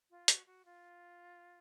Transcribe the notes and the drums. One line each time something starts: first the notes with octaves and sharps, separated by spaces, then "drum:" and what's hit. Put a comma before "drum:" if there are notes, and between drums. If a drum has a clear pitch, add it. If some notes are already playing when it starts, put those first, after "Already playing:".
F4
F#4, drum: hi-hat
F#4
F4